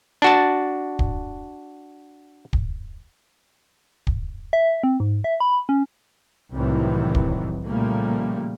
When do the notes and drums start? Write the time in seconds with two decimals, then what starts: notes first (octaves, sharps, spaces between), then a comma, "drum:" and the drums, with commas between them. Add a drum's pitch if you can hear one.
0.22 D4 F#4 A5
0.99 drum: kick
2.53 drum: kick
4.07 drum: kick
4.53 E5
4.83 C4
5.00 G#2
5.24 E5
5.40 B5
5.69 C#4
6.53 C2 A2 C3 D#3 E3 F#3
7.15 drum: kick
7.67 A#2 C#3 F3 G3 A3 A#3